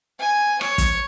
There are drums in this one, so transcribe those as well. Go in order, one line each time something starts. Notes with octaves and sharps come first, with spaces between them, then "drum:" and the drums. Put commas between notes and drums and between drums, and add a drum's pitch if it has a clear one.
G#5
C#5, drum: rim click
drum: kick, hi-hat